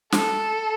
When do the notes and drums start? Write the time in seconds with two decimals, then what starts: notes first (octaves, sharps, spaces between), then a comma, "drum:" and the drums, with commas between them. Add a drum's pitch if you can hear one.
0.12 A4, drum: snare